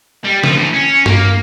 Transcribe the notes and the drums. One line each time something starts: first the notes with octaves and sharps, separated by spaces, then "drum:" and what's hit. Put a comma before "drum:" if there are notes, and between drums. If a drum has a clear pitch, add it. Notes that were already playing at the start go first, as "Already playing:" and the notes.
G3
F3, drum: snare
A2 E3
C#4
A#3, drum: tom G2